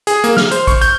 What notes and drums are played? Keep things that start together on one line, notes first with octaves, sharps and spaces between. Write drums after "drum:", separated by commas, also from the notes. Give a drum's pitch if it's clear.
G#4, drum: hi-hat
A#3, drum: hi-hat
F6, drum: snare
C5, drum: hi-hat
C#6, drum: kick, hi-hat
G6, drum: hi-hat